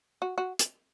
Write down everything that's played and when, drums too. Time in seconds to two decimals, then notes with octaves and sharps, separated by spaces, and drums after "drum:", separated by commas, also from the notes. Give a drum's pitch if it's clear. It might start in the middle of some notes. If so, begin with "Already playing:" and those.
0.22 F#4
0.38 F#4
0.59 drum: hi-hat